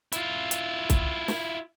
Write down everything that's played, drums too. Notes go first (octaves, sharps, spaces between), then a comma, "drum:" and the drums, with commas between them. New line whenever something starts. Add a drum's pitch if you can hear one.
E4 F4, drum: hi-hat
drum: hi-hat
drum: kick C2, hi-hat
drum: snare